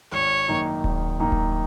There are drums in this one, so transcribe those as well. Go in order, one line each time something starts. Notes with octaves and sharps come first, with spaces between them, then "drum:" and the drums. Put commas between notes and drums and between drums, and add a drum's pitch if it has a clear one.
G#1 C#5
F#2 D#3 A#3 D#4
G#1, drum: kick D1
F#2 D#3 A#3 D#4
drum: kick D1